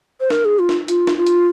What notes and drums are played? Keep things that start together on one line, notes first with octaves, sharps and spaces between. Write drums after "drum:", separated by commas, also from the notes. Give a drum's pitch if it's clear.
C5
A#4, drum: snare
G#4
F4
drum: snare
F4, drum: hi-hat
drum: snare
F4
drum: hi-hat